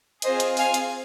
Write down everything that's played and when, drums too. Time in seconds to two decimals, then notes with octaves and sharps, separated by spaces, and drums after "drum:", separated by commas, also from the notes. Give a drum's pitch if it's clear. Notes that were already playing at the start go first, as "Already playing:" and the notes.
0.22 C4 F4 G#4 C5 D#5, drum: hi-hat
0.40 drum: hi-hat
0.57 F5 G#5, drum: open hi-hat
0.74 drum: hi-hat